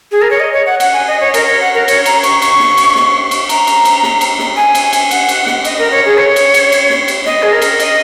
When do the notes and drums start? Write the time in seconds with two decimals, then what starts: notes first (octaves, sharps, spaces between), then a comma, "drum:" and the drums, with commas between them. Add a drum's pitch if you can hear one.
0.12 G#4
0.22 A#4
0.31 C#5
0.40 D#5
0.53 C#5
0.66 F#5
0.80 F#5, drum: cymbal
0.93 G#5
1.07 D#5
1.21 C#5
1.34 A#4, drum: cymbal
1.47 C#5
1.61 F#5
1.74 A#4
1.88 C#5, drum: cymbal
2.06 A#5, drum: cymbal
2.23 C#6, drum: cymbal
2.42 C#6, drum: cymbal
2.59 drum: snare
2.77 drum: cymbal
2.95 drum: snare
3.31 drum: cymbal
3.49 A#5, drum: cymbal
3.67 drum: cymbal
3.85 drum: cymbal
4.03 drum: snare
4.21 drum: cymbal
4.39 drum: snare
4.56 G#5
4.75 drum: cymbal
4.93 drum: cymbal
5.11 F#5, drum: cymbal
5.28 drum: cymbal
5.46 drum: snare
5.65 D#5, drum: cymbal
5.78 A#4
5.91 C#5
6.05 G#4
6.18 C#5
6.36 drum: cymbal
6.54 drum: cymbal
6.72 drum: cymbal
6.90 drum: snare
7.08 drum: cymbal
7.26 D#5, drum: snare
7.43 G#4
7.52 A#4
7.62 drum: cymbal
7.80 D#5, drum: cymbal